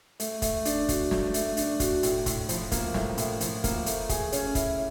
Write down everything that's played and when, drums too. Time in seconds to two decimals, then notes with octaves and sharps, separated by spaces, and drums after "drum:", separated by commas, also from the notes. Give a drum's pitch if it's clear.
0.20 A3, drum: hi-hat
0.42 A3, drum: kick, hi-hat
0.65 D4, drum: hi-hat
0.89 F#4, drum: kick, hi-hat
1.11 A3, drum: snare
1.34 A3, drum: hi-hat
1.57 D4, drum: hi-hat
1.80 F#4, drum: kick, hi-hat
2.03 A2, drum: hi-hat
2.26 A2, drum: kick, hi-hat
2.49 F3, drum: hi-hat
2.72 A#3, drum: kick, hi-hat
2.94 A2, drum: snare
3.18 A2, drum: hi-hat
3.41 F3, drum: hi-hat
3.64 A#3, drum: kick, hi-hat
3.86 A3, drum: hi-hat
4.09 G#4, drum: kick, hi-hat
4.32 C#4, drum: hi-hat
4.55 E4, drum: kick, hi-hat